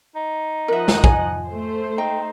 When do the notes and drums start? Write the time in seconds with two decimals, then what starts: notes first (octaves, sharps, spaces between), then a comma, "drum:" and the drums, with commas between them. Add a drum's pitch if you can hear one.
0.16 D#4
0.68 F3 A#4 D#5 E5 F#5
0.88 drum: snare
1.04 G#5, drum: kick
1.47 A3 C5
1.98 D#4 G5